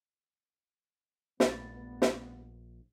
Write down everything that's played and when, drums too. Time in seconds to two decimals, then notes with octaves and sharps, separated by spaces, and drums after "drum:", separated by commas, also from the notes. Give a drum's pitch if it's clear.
1.40 A#1 G2 G3 A3 B3 B5 A6, drum: snare
2.02 drum: snare